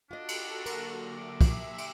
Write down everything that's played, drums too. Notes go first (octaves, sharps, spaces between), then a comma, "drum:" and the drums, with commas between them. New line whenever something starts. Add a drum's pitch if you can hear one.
D4 F4 F#4 A4 D#5
drum: cymbal
D3 F#3 A#3 A#4, drum: cymbal
E5 D6
drum: kick, cymbal
drum: cymbal